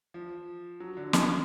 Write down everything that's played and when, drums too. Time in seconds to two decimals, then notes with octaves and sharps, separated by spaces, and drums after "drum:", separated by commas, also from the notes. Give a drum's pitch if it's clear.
0.14 F3
0.80 F#3
0.97 D3
1.13 C#3, drum: snare